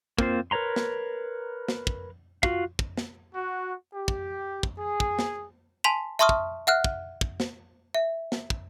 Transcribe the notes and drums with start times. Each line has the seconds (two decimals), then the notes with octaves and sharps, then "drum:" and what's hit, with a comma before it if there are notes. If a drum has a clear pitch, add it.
0.19 A#3 C4 F4 C5, drum: kick
0.51 A#4 B4 C#5 A#5 C6
0.76 drum: snare
1.68 drum: snare
1.87 drum: kick
2.43 F4 F#4 F5, drum: kick
2.79 drum: kick
2.97 drum: snare
3.34 F#4
3.93 G4
4.08 drum: kick
4.63 drum: kick
4.78 G#4
5.00 drum: kick
5.19 drum: snare
5.84 G#5 A5 C6 B6 F7
6.19 E5 A5 C6 C#6 D#6 F6
6.29 drum: kick
6.67 E5 F#5 F6 F#6
6.84 drum: kick
7.21 drum: kick
7.40 drum: snare
7.94 E5
8.32 drum: snare
8.50 drum: kick